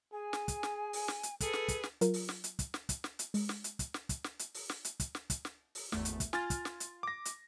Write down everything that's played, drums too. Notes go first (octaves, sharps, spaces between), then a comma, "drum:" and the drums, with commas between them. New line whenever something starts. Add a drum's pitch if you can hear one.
G#4 G#5
drum: snare
drum: kick, hi-hat
drum: snare
drum: open hi-hat
drum: snare
drum: hi-hat
G#4 A4 B4, drum: kick, hi-hat
drum: snare
drum: kick, hi-hat
drum: snare
F#3 F4 A#4, drum: hi-hat
drum: open hi-hat
drum: snare
drum: hi-hat
drum: kick, hi-hat
drum: snare
drum: kick, hi-hat
drum: snare
drum: hi-hat
G#3, drum: open hi-hat
drum: snare
drum: hi-hat
drum: kick, hi-hat
drum: snare
drum: kick, hi-hat
drum: snare
drum: hi-hat
drum: open hi-hat
drum: snare
drum: hi-hat
drum: kick, hi-hat
drum: snare
drum: kick, hi-hat
drum: snare
drum: open hi-hat
G#1 E2 A3, drum: snare
drum: hi-hat
drum: kick, hi-hat
F4 G#5 F6 A6, drum: snare
drum: kick, hi-hat
drum: snare
drum: hi-hat
D6 A#6
drum: hi-hat